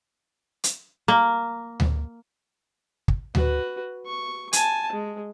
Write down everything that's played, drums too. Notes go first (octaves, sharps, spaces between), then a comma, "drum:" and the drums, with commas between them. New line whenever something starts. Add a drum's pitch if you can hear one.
drum: hi-hat
A#3
drum: tom D2
drum: kick
F#4 B4, drum: tom D2
C#6
G#5 A5, drum: hi-hat
G#3